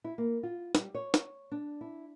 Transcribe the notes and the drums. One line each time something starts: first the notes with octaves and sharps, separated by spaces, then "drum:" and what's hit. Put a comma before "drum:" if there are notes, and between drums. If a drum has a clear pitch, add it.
E4
A#3
F4
G3, drum: snare
C#5
drum: snare
D4
E4